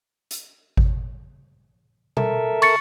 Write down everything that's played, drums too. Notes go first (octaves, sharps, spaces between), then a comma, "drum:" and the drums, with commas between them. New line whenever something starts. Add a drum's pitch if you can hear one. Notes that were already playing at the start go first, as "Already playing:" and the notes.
drum: hi-hat
drum: kick G#1
A4 A#4 E5, drum: tom B2
C#6 A6 C#7, drum: cymbal